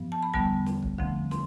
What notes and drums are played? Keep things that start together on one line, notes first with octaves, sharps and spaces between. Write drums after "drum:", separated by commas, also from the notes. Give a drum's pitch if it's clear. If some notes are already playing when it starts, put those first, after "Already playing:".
Already playing: G2 F3 B3
A5
B5
E2 D3 G3 B3 A5, drum: kick
drum: snare
drum: kick
D2 D3 F3 A3 C4, drum: kick
C6, drum: snare